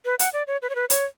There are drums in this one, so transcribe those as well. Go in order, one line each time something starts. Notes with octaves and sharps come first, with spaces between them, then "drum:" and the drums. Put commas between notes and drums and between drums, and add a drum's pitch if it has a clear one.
B4
F#5, drum: hi-hat
D5
C#5
B4
C#5
B4
C#5, drum: hi-hat